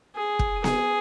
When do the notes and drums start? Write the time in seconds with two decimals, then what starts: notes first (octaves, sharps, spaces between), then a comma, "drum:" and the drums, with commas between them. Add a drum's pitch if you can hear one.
0.16 G#4
0.39 drum: kick
0.64 G#4, drum: snare B3